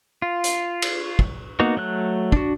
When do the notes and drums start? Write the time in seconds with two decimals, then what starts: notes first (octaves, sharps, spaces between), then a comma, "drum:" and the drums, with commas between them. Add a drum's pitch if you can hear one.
0.22 F4
0.44 drum: hi-hat
0.82 drum: cymbal
1.19 drum: kick
1.60 A#3 B3 D#4 F#4
1.77 F#3 A3 F#6
2.32 D4 F#4, drum: kick